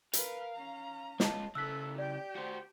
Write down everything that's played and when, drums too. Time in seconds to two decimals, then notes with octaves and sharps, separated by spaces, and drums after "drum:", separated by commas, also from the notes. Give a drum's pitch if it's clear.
0.13 A#4 B4 F5, drum: hi-hat
0.54 C#4 A#5
1.20 G#3 F4 D#5 A5, drum: snare
1.55 C#3 E4 A4 E6 F#6 B6
1.98 G4 D5 G5
2.36 F#4 C5